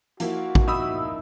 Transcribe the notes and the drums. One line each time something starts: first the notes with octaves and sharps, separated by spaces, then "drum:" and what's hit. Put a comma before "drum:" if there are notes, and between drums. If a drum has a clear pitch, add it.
F3 A#3 E4 F#4, drum: hi-hat
drum: kick A1
D#4 E5 B5 D#6 E6